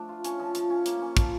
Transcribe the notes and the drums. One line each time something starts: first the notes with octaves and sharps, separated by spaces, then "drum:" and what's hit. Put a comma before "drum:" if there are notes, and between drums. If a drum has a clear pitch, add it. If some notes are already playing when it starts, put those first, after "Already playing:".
Already playing: F3 A3 D4
F4
C#4, drum: hi-hat
F3
F3, drum: hi-hat
C#4
A#3, drum: hi-hat
C#4
F3, drum: kick, hi-hat